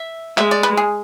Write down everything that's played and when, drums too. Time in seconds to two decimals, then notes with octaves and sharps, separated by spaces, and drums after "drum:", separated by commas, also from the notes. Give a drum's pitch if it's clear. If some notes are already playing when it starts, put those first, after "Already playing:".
Already playing: E5
0.38 G#3 E5, drum: clap
0.51 D5
0.63 B4, drum: hi-hat
0.77 G#4